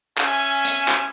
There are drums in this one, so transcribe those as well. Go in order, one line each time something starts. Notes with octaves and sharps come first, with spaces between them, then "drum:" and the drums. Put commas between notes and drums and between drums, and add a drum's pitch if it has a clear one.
C#4 E5 G#5, drum: clap
drum: hi-hat
drum: clap